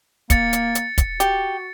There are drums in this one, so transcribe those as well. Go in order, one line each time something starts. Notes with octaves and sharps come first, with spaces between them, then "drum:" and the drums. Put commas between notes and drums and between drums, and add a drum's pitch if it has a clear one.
A#3 A6 C#7, drum: kick, hi-hat
drum: hi-hat
drum: hi-hat
drum: kick, hi-hat
F#4 G4, drum: hi-hat